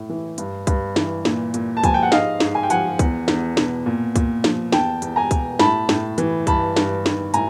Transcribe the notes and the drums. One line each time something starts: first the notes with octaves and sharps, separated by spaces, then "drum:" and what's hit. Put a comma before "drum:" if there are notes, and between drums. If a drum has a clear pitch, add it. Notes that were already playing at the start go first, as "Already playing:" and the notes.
Already playing: A2
E3
G2, drum: hi-hat
G2, drum: kick C2, hi-hat
E3, drum: snare
A#2, drum: snare
A#2, drum: hi-hat
A5
F3 G#5, drum: kick C2, hi-hat
G5
F#5
G#2 D#5 F5, drum: snare
G#2, drum: snare
G#5
G5
F3 F#5 G#5, drum: hi-hat
E2, drum: kick C2, hi-hat
E2, drum: snare
B2, drum: snare
A#2
A#2, drum: kick C2, hi-hat
F3, drum: snare
E2 G5 A5, drum: snare
E2, drum: hi-hat
G#5 A#5
B2, drum: kick C2, hi-hat
A2 A5 B5, drum: snare
A2, drum: snare
E3, drum: hi-hat
G2 A5 B5, drum: kick C2, hi-hat
G2, drum: snare
D#3, drum: snare
A2 G#5 A#5, drum: hi-hat